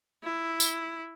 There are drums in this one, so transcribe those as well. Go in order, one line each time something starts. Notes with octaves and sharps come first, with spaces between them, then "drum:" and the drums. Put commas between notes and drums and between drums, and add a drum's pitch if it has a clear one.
E4
drum: tambourine